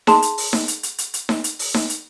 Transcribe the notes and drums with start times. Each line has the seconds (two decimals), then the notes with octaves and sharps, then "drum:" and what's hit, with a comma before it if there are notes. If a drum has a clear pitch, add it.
0.07 G#4 A5 C6, drum: snare D#4
0.22 drum: hi-hat
0.38 drum: open hi-hat
0.53 drum: snare D#4
0.68 drum: hi-hat
0.83 drum: hi-hat
0.98 drum: hi-hat
1.14 drum: hi-hat
1.29 drum: snare D#4
1.44 drum: hi-hat
1.59 drum: open hi-hat
1.74 drum: snare D#4
1.90 drum: hi-hat